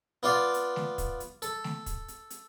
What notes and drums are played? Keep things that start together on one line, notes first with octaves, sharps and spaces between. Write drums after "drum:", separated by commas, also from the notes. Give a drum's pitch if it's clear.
B3 F4 D5 F5
drum: hi-hat
drum: snare A3
drum: kick, hi-hat
drum: hi-hat
A4, drum: hi-hat
drum: snare A3
drum: kick, hi-hat
drum: hi-hat
drum: hi-hat